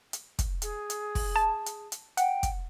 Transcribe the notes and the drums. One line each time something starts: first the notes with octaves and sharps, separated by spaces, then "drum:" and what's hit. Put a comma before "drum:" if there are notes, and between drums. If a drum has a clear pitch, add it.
drum: hi-hat
drum: kick, hi-hat
G#4, drum: hi-hat
drum: hi-hat
drum: kick, open hi-hat
A5
drum: hi-hat
drum: hi-hat
F#5 G5, drum: hi-hat
drum: kick, hi-hat